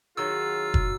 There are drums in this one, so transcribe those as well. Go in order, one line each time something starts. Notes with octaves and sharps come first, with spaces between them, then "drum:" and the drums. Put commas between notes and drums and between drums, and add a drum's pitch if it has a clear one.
D#3 F#3 F4 F#4 G#4 E6
drum: kick